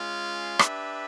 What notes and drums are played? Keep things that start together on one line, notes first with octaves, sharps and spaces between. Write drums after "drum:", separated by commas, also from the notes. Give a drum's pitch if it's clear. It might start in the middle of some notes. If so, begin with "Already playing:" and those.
Already playing: G#3 C#4 F4
D4 G4 B4 E5, drum: rim click